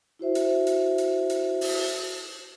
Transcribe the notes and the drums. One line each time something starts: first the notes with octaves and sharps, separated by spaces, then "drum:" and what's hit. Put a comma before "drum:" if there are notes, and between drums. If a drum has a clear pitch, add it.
E4 F#4 C5 E5
drum: hi-hat
drum: hi-hat
drum: hi-hat
drum: hi-hat
drum: open hi-hat